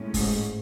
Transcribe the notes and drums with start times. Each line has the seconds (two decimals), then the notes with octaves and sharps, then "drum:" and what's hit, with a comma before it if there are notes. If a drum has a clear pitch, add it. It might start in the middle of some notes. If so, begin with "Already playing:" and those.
Already playing: A2 G#3 C#4
0.14 G#2, drum: kick F1, open hi-hat